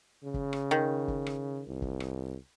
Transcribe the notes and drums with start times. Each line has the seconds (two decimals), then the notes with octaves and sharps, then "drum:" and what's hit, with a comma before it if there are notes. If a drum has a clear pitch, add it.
0.24 C#3
0.34 drum: kick
0.53 drum: rim click
0.71 D#3
1.08 drum: kick
1.27 drum: rim click
1.67 C2
1.82 drum: kick
2.00 drum: rim click